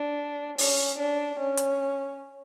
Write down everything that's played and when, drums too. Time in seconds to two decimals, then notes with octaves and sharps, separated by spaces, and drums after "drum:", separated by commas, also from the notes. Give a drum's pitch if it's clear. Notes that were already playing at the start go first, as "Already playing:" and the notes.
Already playing: D4
0.58 C#4, drum: open hi-hat
0.99 D4
1.40 C#4
1.57 drum: hi-hat